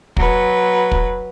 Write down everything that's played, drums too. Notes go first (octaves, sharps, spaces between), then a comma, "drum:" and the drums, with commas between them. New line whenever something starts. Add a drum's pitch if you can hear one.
F#3 B4, drum: kick
drum: kick